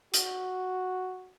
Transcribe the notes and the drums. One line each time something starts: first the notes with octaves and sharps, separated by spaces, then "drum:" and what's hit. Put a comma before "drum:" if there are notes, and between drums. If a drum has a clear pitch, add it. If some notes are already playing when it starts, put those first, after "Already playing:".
F#4, drum: hi-hat